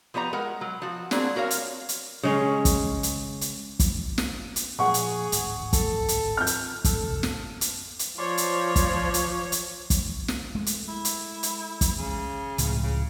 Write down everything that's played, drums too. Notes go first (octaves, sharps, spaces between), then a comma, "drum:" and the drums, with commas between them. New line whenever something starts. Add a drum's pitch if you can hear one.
F3 B3 G4 C#5 A#5
G#3 A#4 F#5
F#3
F3 F#4
A#3 C4 D4 F#4 G#4, drum: snare
F#4 A#4 C#5 F5
drum: hi-hat
drum: hi-hat
C#3 G#3 C#4
drum: kick, hi-hat
drum: hi-hat
drum: hi-hat
drum: kick, hi-hat
drum: snare
drum: hi-hat
A#2 F3 G#3 G#4 F#5 C#6
drum: hi-hat
D1 G#1 D2, drum: hi-hat
A4, drum: kick, hi-hat
drum: hi-hat
C4 F6 G6
drum: hi-hat
G#2 D3 A4, drum: kick, hi-hat
F2 C3
drum: snare
drum: hi-hat
drum: hi-hat
F3 C#5 D5 C6 C#6
drum: hi-hat
drum: kick, hi-hat
drum: hi-hat
drum: hi-hat
drum: kick, hi-hat
drum: snare
G#3 A3
drum: hi-hat
E4
drum: hi-hat
drum: hi-hat
drum: kick, hi-hat
C#3
C#2 A2 F3, drum: hi-hat
C#3